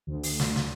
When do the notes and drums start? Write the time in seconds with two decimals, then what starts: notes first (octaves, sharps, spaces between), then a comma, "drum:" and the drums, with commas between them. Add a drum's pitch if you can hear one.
0.07 D2
0.23 drum: open hi-hat
0.40 drum: snare
0.56 drum: snare